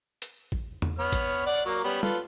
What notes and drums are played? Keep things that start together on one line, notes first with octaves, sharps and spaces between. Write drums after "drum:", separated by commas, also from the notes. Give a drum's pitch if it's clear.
drum: hi-hat
drum: kick A1
drum: tom E2
B3 C#5 F6
drum: kick A1, hi-hat
D5 F#5
F#3 A#3
G3 B3 C#4
F4 A4 B4, drum: tom